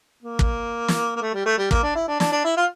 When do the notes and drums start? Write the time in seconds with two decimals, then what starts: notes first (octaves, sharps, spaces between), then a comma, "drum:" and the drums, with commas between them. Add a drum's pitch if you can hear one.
0.23 A#3
0.39 drum: kick
0.88 drum: snare
1.16 A#3
1.21 A3
1.34 G3
1.46 A3
1.58 G3
1.71 A#3, drum: kick
1.83 D4
1.95 E4
2.08 D4
2.20 D4, drum: snare
2.32 D4
2.44 E4
2.57 F4